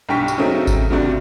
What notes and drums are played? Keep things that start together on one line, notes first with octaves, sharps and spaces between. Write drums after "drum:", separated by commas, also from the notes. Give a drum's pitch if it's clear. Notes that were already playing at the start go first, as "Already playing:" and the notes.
B1 G2 G5 C#6 B6
drum: tambourine
C#3 F#3 A3 C4 D#4 A4
drum: kick G#1, tambourine
G2 C3 A3 F#4 D5